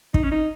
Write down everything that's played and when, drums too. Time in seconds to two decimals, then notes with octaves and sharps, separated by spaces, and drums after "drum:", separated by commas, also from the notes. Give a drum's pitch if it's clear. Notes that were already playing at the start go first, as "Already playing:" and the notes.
0.14 D#4, drum: kick
0.23 C#4
0.32 D#4